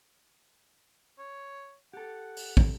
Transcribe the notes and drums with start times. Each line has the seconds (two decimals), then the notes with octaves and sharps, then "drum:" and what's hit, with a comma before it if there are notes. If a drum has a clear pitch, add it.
1.18 C#5
1.93 G4 A4 F#5
2.36 drum: open hi-hat
2.57 drum: kick